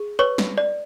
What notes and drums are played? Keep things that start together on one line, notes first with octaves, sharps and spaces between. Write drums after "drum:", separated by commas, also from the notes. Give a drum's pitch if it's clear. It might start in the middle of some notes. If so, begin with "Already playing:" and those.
Already playing: G#4
B4 C#5 C#6
drum: snare
D5